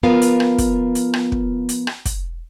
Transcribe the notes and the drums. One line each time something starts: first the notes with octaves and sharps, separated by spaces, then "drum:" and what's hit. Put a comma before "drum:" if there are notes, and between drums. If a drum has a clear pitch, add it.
F3 B3 F4 A#4 F5
drum: hi-hat
drum: rim click
drum: kick, hi-hat
drum: hi-hat
drum: rim click
drum: kick
drum: hi-hat
drum: rim click
drum: kick, hi-hat